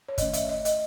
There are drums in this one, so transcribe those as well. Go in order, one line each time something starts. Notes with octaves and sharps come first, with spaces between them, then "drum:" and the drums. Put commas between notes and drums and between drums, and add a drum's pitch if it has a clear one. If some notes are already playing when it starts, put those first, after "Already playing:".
C#5
D#3 A3 C#4 D#5, drum: kick, hi-hat
E5, drum: hi-hat
D#5
D#5, drum: hi-hat